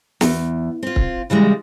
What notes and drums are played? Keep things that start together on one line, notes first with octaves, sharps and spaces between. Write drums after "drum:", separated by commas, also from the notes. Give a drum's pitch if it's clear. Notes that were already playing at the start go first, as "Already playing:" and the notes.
E2, drum: snare
C4 F4
drum: kick C#1
C#3 E3 G3 G#3